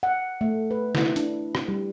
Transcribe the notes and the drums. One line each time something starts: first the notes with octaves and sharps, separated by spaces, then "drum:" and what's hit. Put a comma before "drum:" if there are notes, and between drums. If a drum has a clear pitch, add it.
F#5
A3
B4
E4, drum: snare
D4, drum: hi-hat
drum: rim click
G3